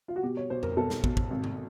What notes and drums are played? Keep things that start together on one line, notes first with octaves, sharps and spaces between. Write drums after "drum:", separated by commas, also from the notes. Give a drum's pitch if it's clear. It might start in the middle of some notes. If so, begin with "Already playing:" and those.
F4
F#4
B2 G4
C#5
B1 C5
A#4, drum: tom F2
B1 A4
drum: snare
B1, drum: kick
drum: kick
G#1
drum: tom C3